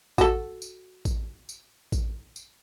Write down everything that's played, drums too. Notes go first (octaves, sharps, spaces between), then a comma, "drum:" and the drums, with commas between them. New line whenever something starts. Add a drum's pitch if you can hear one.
F#4 A4, drum: kick A1, tambourine
drum: tambourine
drum: kick A1, tambourine
drum: tambourine
drum: kick A1, tambourine
drum: tambourine